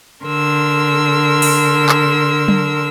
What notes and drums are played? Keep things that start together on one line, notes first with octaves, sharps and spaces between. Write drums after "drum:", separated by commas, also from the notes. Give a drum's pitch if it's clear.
D3 A#4 C6 E6
drum: open hi-hat
drum: clap
drum: tom F#3